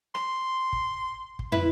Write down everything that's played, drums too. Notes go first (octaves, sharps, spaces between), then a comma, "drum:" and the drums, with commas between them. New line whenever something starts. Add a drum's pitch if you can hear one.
C6, drum: rim click
drum: kick
drum: kick
E4 B4, drum: tom